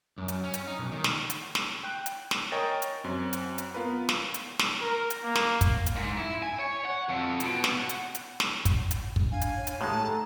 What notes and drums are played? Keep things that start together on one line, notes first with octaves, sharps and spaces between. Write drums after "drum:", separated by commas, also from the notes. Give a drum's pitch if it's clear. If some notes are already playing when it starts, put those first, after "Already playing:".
F#2
drum: hi-hat
C#4
drum: hi-hat
D#4
B1
D#3
drum: snare
drum: hi-hat
drum: snare
G5 F#6
drum: hi-hat
drum: snare
A#4 C#5 D#5 G5 G#5 A6
drum: hi-hat
F#2 C4
drum: hi-hat
drum: hi-hat
B3 F4 A#4 B4
drum: snare
drum: hi-hat
drum: snare
A#4
drum: hi-hat
A#3
drum: snare
drum: kick, hi-hat
drum: hi-hat
G#2
E4
G#5
C#5
F#5
F2
B2, drum: hi-hat
drum: snare
F#5
drum: hi-hat
drum: hi-hat
drum: snare
drum: kick, hi-hat
drum: hi-hat
drum: kick
D4 F5 G#5
drum: hi-hat
C#5
drum: hi-hat
A2 D#3 G#3 A3 G4 A5
A4 A#5